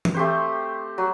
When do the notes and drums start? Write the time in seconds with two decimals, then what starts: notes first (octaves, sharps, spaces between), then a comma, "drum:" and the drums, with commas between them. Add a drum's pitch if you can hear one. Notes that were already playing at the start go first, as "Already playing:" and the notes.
0.05 drum: tom E3
0.14 A3 C4 G4 C5
0.98 F#3